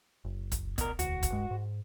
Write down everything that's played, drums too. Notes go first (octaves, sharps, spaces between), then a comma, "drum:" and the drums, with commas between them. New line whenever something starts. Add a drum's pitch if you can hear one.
F#1
drum: kick, hi-hat
B2 A#4, drum: kick, hi-hat
E1 D2 F#4, drum: hi-hat
drum: kick, hi-hat
G2 G#3
G#2